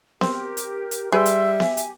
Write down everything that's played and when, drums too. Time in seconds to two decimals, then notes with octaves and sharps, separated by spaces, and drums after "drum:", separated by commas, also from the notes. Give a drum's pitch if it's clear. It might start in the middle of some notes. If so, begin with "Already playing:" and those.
0.21 C4 G4 A#4, drum: snare B3
0.57 drum: hi-hat
0.91 drum: hi-hat
1.12 G3 G#4 B4 E5 C6 E6
1.26 drum: hi-hat
1.60 G4 G#5, drum: snare B3
1.77 drum: hi-hat